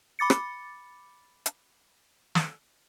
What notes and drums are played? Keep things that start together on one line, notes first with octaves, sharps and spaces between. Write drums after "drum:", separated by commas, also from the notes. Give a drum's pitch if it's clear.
B5 D6 A6 C#7
drum: rim click
drum: hi-hat
drum: snare